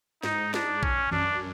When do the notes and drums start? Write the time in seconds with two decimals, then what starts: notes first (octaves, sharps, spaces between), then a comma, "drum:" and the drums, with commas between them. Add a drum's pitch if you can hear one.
0.23 G#2 D#4, drum: snare
0.54 D4, drum: snare
0.83 C#4, drum: kick A#1
1.11 F#2 D4, drum: tom D#3